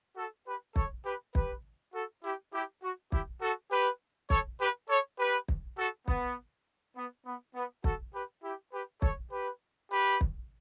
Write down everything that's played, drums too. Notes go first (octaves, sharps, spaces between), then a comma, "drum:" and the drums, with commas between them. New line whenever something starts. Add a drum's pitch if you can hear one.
F#4 A4
G4 B4
A4 C#5, drum: kick
G4 B4
G4 B4, drum: kick
F#4 A4
E4 G4
E4 G4
F#4
E4 G4, drum: kick
F#4 A4
G4 B4
A4 C#5, drum: kick
G4 B4
A4 C#5
G4 B4
drum: kick
F#4 A4
B3, drum: kick
B3
B3
B3
F#4 A4, drum: kick
G4 B4
E4 G4
G4 B4
A4 C#5, drum: kick
G4 B4
G4 B4
drum: kick